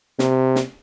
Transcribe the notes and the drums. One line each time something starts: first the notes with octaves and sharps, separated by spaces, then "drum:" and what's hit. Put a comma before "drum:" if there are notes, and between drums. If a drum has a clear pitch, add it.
C3, drum: snare
drum: snare